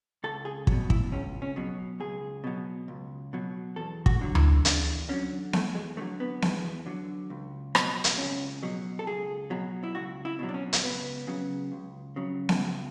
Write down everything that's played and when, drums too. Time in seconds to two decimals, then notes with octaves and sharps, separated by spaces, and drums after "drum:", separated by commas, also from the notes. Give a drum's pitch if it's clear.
0.24 C#2 A4
0.45 G#4
0.67 F#3, drum: kick
0.72 B2
0.90 E4, drum: kick
1.12 C#2 C#4
1.42 C#4
1.56 B2 F#3
2.00 C#2 G#4
2.44 B2 F#3
2.88 C#2
3.33 B2 F#3
3.76 E2 A4
4.06 F#4, drum: kick
4.21 D3 F#3
4.35 E4, drum: tom D2
4.65 E2 D4, drum: hi-hat
5.09 D3 F#3 C#4
5.53 E2 A3, drum: snare B3
5.75 G#3
5.97 D3 F#3 A3
6.20 B3
6.42 E2, drum: snare B3
6.86 D3 F#3
7.30 C#2
7.75 B2 F#3, drum: rim click
8.04 drum: hi-hat
8.18 C#2 C#4
8.63 B2 F#3
8.99 A4
9.07 C#2 G#4
9.50 B2 F#3
9.84 E4
9.95 C#2 F#4
10.25 E4
10.39 B2 F#3
10.49 D4
10.54 C#4
10.73 drum: hi-hat
10.83 C#2 B3
11.27 C#3 F#3
11.72 C#2
12.16 C#3 F#3
12.49 drum: snare B3
12.60 C#2